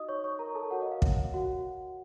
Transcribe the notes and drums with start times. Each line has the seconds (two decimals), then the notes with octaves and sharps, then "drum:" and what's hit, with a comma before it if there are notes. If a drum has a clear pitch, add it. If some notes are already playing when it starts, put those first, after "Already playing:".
Already playing: D#4 F#4 D#5 D#6
0.08 C#5 C#6
0.24 C#5 C#6
0.39 A#4 A#5
0.55 A4 A5
0.71 F#4 A#4 C#5 F#5
0.81 D#5
0.92 F5
1.02 F5, drum: kick
1.18 F5
1.34 F#4 F#5